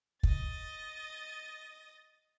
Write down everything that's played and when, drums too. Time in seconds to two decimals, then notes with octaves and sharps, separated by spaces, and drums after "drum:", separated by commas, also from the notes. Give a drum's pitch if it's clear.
0.23 D#5 A6, drum: kick